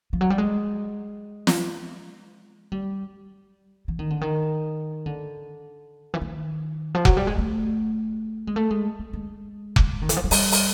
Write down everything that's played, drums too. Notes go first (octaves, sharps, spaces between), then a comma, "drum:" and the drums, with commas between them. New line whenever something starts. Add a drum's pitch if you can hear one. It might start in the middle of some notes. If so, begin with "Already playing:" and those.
F3
F#3
G3
G#3
drum: snare
G3
E3
D#3
D3
D#3
D3
E3
D#3
F3
F#3, drum: kick F1
G3
G#3
A3
G#3
A3
G#3
G#3
G#3
drum: kick F1
D#3
E3, drum: hi-hat
F3
F#3
G3, drum: open hi-hat
drum: open hi-hat